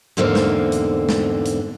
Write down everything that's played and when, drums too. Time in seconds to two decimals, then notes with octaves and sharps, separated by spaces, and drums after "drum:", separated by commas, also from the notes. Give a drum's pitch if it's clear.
0.17 E2 G#2 D3 A#3 C4 F5
0.35 drum: snare
0.72 drum: hi-hat
1.09 drum: snare
1.45 drum: hi-hat